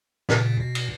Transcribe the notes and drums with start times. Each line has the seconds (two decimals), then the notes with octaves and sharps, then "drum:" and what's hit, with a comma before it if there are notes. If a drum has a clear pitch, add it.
0.29 A#2 C#3, drum: snare
0.60 B2
0.75 drum: cymbal